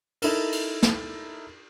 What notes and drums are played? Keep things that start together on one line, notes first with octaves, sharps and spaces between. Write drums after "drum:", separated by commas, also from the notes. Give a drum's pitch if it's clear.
D#4 E4 A4 A#4, drum: cymbal
drum: cymbal
drum: snare